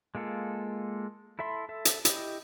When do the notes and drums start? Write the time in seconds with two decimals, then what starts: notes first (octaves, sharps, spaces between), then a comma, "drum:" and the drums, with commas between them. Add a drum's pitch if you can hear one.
0.15 G#3 A#3 F4 A4
1.39 E4 A4 E5 B5 C6
1.69 A4 E5
1.85 drum: hi-hat
2.05 E4 G4 D#5, drum: hi-hat